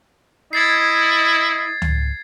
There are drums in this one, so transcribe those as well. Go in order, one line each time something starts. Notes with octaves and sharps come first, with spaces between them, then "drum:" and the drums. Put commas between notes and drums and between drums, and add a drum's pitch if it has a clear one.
E4 D#5 G#6 A6 C7
drum: tom C#2